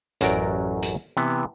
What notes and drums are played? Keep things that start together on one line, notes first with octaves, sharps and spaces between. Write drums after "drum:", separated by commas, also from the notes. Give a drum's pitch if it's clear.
A1 F#2 F#3 A#4 D5, drum: hi-hat
drum: hi-hat
C3 E3 B3